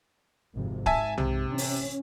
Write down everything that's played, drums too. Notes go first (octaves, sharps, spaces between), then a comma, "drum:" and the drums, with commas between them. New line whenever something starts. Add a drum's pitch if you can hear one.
G#1 F2 C3
G#2 E5 G#5 A5, drum: kick
C3, drum: tom B1
E3 C#4
drum: open hi-hat